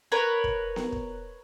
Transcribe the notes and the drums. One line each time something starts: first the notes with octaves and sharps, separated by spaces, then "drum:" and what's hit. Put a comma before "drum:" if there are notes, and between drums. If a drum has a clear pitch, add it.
A#4 B4 C#5
drum: kick
drum: snare B3
drum: kick